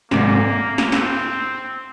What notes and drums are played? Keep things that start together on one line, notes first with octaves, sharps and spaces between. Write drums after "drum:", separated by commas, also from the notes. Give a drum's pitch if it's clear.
G#2 C3 A#3, drum: snare
drum: snare
C4, drum: snare